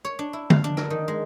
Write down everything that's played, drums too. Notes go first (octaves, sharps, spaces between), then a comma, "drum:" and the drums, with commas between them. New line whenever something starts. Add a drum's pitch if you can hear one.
C#5
D4
E4
F5, drum: tom
D4
A#4, drum: rim click
D#3
G#3